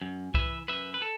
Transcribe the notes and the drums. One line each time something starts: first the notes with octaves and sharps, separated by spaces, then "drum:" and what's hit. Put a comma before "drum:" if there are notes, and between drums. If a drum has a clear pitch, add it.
F#2
E3 B4 E5, drum: kick C2
F#2 B4 E5
B4
A4